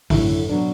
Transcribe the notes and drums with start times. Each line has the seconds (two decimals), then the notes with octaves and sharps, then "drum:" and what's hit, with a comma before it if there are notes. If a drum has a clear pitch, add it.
0.10 F#2 D3 A3 E4, drum: kick, open hi-hat
0.49 B2 F#3 D4